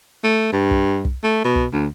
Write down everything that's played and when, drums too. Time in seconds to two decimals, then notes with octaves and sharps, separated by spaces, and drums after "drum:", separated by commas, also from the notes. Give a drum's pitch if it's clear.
0.24 A3
0.52 G2
0.71 drum: kick
1.05 drum: kick
1.24 A3
1.45 B2
1.55 drum: kick
1.72 D2